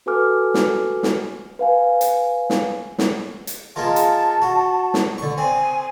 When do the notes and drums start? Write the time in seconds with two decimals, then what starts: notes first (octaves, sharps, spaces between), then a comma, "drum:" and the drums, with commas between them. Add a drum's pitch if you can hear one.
0.06 F#4 A4 B4 G#5 D6 F6
0.54 drum: snare
1.03 drum: snare
1.59 B4 F5 G#5
2.01 drum: hi-hat
2.50 drum: snare
2.98 drum: snare
3.47 drum: hi-hat
3.76 G#3 A#3 F4 A5
3.96 drum: hi-hat
4.42 F#4
4.94 drum: snare
5.18 D3 C#6
5.38 C4 G#5